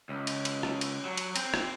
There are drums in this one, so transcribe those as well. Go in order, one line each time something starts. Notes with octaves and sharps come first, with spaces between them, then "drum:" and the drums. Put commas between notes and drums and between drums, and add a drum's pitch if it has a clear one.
C#2
drum: cymbal
drum: cymbal
drum: rim click
drum: cymbal
F#3
drum: cymbal
C4, drum: cymbal
drum: rim click